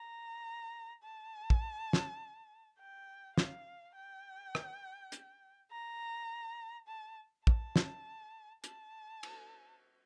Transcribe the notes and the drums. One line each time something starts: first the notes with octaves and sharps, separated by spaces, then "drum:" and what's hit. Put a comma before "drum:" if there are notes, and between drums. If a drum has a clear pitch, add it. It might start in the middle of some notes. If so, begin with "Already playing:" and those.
Already playing: A#5
A5
drum: kick
drum: snare
G5
F5, drum: snare
G5
drum: rim click
drum: hi-hat
A#5
A5
A5, drum: kick
drum: snare
A5, drum: hi-hat
drum: cymbal